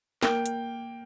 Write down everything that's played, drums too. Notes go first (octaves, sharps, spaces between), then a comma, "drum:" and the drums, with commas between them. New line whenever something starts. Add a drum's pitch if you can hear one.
A#3 G5, drum: snare
drum: hi-hat